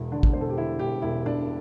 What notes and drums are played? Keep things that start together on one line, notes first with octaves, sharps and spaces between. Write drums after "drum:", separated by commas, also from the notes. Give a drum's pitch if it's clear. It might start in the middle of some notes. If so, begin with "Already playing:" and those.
Already playing: E1 E2 E4
D3 D4
drum: kick
E1 C5
A4
G4
D3 E4
E1 G4
E1 E4
E1 D4